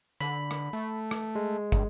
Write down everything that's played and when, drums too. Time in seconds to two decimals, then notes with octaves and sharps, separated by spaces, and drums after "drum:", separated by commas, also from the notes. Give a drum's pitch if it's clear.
0.21 D3 B5, drum: hi-hat
0.51 drum: rim click
0.73 A3
1.11 drum: rim click
1.35 G#3
1.72 G2, drum: kick, hi-hat